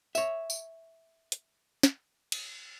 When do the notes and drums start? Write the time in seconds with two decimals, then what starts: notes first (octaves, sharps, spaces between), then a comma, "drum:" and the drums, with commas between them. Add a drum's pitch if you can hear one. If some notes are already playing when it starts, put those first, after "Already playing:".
0.15 C#5 E5, drum: tambourine
0.50 drum: tambourine
1.32 drum: hi-hat
1.83 drum: snare
2.32 drum: cymbal